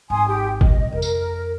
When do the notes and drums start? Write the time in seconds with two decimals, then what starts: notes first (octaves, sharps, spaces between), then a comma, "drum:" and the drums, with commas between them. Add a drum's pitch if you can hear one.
0.10 G#1 G#5 C6 D#6
0.28 G4 G5
0.61 C2 A#2 D#5, drum: kick G#1
0.92 F2 A#4
1.02 drum: tambourine